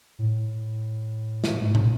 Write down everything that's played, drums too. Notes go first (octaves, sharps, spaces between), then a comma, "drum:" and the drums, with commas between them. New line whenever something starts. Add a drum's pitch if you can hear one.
A2
drum: snare
G#2
A2, drum: tom